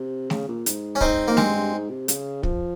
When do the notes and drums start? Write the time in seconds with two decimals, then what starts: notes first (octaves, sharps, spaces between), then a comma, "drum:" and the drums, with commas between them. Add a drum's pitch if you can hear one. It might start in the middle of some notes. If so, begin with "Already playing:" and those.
Already playing: C3
0.30 C#3, drum: snare A3
0.48 A#2
0.66 G#2, drum: hi-hat
0.95 C#4
1.01 C4 D#4, drum: kick
1.28 F2 A#3
1.37 G2 G#3 C4, drum: snare A3
1.55 G2
1.73 G#2
1.90 C3
2.08 C#3, drum: hi-hat
2.43 F3, drum: kick